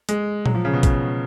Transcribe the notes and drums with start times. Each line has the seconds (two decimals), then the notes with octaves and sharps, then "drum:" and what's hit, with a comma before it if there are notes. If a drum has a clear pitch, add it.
0.09 G#3, drum: hi-hat
0.46 F#3, drum: tom A#2
0.55 F3
0.65 C#3
0.73 B2
0.83 C#3, drum: kick, hi-hat